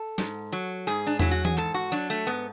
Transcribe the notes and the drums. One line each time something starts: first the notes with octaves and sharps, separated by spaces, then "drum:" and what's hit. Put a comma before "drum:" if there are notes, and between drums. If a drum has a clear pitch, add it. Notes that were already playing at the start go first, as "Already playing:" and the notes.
Already playing: A4
G#2, drum: snare
F#3
G#2 G#4
D4
F#3 E4, drum: tom E2
F#4
G#4, drum: tom E3
G#2 A4
F#4
F#3 D4
A3
G#2 B3